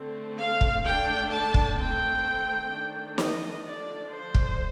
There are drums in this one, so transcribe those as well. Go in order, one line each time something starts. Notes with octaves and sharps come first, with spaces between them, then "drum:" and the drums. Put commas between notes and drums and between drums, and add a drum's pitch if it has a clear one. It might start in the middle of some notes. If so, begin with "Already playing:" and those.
Already playing: D3 A3 C4
F5
drum: kick
D3 A3 D4 G5
A5
drum: kick
D#3 A3 C4 G5
D#3 A3 D4
D#5, drum: snare
D3 F3 A3 D4 D5
C5
drum: kick